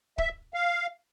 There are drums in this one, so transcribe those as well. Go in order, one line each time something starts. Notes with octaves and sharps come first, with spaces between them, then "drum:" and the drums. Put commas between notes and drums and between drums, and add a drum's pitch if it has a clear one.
E5, drum: kick
F5